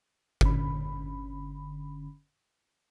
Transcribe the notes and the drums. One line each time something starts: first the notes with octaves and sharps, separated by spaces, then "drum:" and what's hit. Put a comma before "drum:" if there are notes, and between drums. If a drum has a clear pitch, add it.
G1 D3 C#4 B5, drum: kick G1